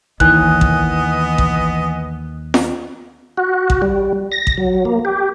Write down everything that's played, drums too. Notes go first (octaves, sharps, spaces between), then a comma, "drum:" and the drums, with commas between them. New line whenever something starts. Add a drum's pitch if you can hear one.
D#2 D#3 E3 B3 D#5 G#5 F#6, drum: kick A1
drum: kick A1
drum: kick A1
drum: snare
F#4
drum: kick A1
G3
A#6
drum: kick A1
F#3
A#3
G4